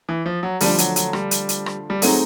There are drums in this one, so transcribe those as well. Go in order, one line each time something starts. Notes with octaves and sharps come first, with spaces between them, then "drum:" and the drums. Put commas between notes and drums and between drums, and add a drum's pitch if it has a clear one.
E3
F3
F#3
D3 F3 G3 A3 D4, drum: open hi-hat
F#3, drum: hi-hat
F#3, drum: hi-hat
G3, drum: rim click
drum: hi-hat
drum: hi-hat
drum: rim click
G3
F#3 A3 C4 D#4 G#4, drum: open hi-hat